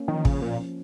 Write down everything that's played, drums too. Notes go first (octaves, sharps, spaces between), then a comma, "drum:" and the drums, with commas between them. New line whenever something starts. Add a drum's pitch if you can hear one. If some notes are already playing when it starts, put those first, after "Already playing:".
Already playing: A#3 C#4
D#3 F3
C#3 A#3, drum: kick
A#2 F3
C#4